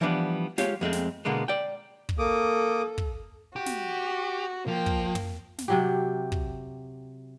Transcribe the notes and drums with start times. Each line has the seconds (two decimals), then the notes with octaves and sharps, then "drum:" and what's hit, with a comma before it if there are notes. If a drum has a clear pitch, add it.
0.01 E3 F3 G3 B3 C#4 D4
0.58 G#3 F4 G4 C#5 F5, drum: snare
0.81 F2 G#3 A3 C4
0.93 drum: snare
1.25 B2 D3 G#3 A#3 B3
1.48 D5 G5
2.09 drum: kick
2.19 A#3 A4 D6 D#6
2.98 drum: kick
3.56 F#4 G4
3.66 drum: snare
4.68 F3 A#3 G5
4.86 drum: kick
5.15 drum: tom
5.58 drum: snare
5.68 C3 F#3 G4
6.32 drum: kick